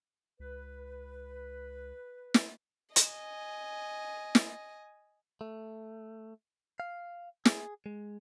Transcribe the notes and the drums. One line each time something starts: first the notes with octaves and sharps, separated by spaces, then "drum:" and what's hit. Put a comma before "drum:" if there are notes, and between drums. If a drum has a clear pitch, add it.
C#2 B4
drum: snare
D#5 G#5, drum: hi-hat
drum: snare
A3
F5
G#4, drum: snare
G#3